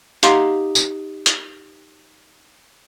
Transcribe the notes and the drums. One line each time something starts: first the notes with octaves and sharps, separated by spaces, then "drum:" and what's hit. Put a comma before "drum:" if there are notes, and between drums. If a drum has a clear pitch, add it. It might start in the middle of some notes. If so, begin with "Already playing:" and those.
D#4 G4 F5 F#5 A#5 C6, drum: hi-hat
drum: tambourine
drum: hi-hat